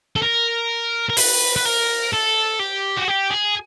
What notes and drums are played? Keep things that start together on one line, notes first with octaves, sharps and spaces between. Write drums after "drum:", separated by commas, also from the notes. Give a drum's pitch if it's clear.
A4
A#4
A#4
B4, drum: open hi-hat
B4
A#4
A4
G4
F#4
G4
G#4